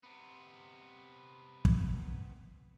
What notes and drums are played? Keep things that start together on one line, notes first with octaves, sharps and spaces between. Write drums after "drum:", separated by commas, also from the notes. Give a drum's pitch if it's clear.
C3 B3
drum: kick